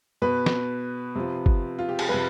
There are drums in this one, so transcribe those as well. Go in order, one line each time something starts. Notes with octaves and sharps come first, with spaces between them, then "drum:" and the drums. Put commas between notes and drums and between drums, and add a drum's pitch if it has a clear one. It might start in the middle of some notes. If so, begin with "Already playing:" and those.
B2 B4
drum: snare
C3 F3
drum: kick
F4
G4
G#4, drum: cymbal
C3 F3 B4